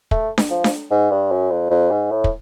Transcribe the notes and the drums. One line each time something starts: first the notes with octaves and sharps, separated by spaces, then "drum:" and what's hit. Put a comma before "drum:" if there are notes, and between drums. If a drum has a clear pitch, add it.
A3, drum: kick
drum: snare D4
F3
drum: snare D4
G#2
G2
F#2
F2
F2
G#2
A2
drum: kick